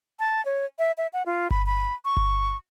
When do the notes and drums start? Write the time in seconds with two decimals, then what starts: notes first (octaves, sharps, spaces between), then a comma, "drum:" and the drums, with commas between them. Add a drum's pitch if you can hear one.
0.19 A5
0.45 C#5
0.79 E5
0.98 E5
1.13 F#5
1.26 F4
1.51 B5, drum: kick G1
1.66 B5
2.05 C#6
2.17 drum: kick G1